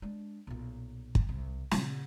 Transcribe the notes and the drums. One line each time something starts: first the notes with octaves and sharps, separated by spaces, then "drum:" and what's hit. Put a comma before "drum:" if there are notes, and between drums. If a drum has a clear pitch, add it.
G#3 D4
B1 A#2
drum: kick
C2
A#2 C#3, drum: snare